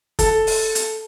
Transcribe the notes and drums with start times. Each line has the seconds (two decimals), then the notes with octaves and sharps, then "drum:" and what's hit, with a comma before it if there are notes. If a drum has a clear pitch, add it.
0.19 A4, drum: kick, hi-hat
0.47 drum: open hi-hat
0.75 drum: hi-hat